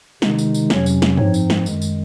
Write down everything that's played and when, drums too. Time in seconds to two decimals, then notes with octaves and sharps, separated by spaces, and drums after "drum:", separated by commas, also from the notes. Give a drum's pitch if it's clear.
0.22 C3 D#3 G#3 D#4, drum: snare
0.39 drum: tambourine
0.54 drum: tambourine
0.70 F2 C3 F#3 C#4 C#5, drum: snare
0.86 drum: tambourine
1.02 drum: snare
1.17 G#2 F3 C4 D#4 C#5, drum: tom
1.34 drum: tambourine
1.50 drum: snare
1.66 F#2 D#3 G#3, drum: tambourine
1.82 drum: tambourine